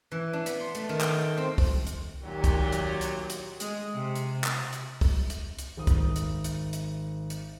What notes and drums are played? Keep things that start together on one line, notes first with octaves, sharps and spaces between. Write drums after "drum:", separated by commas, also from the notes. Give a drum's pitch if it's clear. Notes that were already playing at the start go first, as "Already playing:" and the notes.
E3
D4
B3, drum: hi-hat
C6
A3, drum: hi-hat
D#3
G5, drum: clap
G5
C4
drum: kick, open hi-hat
drum: hi-hat
A#2 D#3 F#3 G4
drum: kick, hi-hat
drum: hi-hat
drum: hi-hat
drum: hi-hat
G#3, drum: hi-hat
C3
drum: hi-hat
drum: clap
drum: hi-hat
drum: kick, open hi-hat
drum: hi-hat
drum: hi-hat
G#1 D#6
drum: kick, hi-hat
drum: hi-hat
drum: hi-hat
drum: hi-hat
drum: hi-hat